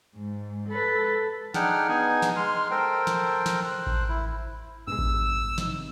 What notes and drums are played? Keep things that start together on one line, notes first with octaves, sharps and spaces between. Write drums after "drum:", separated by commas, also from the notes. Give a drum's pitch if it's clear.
G#2
A4 B4
D4 D#4 G#4 F#5 G5 F6, drum: snare
B3 D#4 G#4 G#5
drum: snare
G#3 C6 F6
A4 A#4 C5 G5
drum: snare
drum: snare
C5 F#6
drum: kick A1
E4
G2 B2 G#3 E6
drum: kick A1
C3 D#3, drum: snare